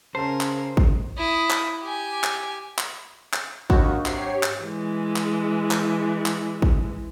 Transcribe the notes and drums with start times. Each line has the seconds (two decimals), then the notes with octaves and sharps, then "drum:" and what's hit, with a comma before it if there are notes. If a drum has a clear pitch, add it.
0.15 C#3 C#4 A#4 C5 A5 C6
0.41 drum: clap
0.77 drum: kick
1.18 E4 D#6
1.50 drum: clap
1.82 G4 G#5
2.23 drum: clap
2.78 drum: clap
3.33 drum: clap
3.70 D#2 G#2 D4 F#4 D#5, drum: kick
4.06 C3 F#3 G4 C#5 C7, drum: clap
4.43 drum: clap
4.62 E3 G#3
5.16 drum: clap
5.71 drum: clap
6.26 drum: clap
6.62 drum: kick